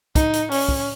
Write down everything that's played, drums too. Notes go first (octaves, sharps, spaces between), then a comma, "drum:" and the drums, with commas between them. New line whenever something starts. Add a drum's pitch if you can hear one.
D#4, drum: kick, hi-hat
drum: hi-hat
C#4, drum: open hi-hat
drum: kick